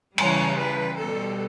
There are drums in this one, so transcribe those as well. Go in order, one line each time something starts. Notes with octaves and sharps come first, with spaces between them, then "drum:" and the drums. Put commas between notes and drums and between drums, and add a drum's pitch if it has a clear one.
C#3 E3 G3 C#5, drum: cymbal
B4
B2 G3 A4